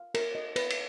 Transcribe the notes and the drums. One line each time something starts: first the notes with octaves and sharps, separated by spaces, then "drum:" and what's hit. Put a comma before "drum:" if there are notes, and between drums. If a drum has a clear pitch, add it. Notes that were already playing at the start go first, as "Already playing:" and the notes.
Already playing: F5
A#4, drum: cymbal
D#5
B4, drum: cymbal
drum: cymbal